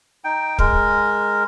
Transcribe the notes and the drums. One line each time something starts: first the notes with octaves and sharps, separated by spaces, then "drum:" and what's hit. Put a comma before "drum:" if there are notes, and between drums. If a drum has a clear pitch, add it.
D#4 G5
G#3 A#4, drum: kick